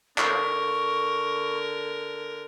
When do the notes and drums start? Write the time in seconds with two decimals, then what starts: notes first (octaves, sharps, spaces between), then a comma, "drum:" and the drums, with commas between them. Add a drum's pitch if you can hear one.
0.18 D3 A#4 C#6, drum: clap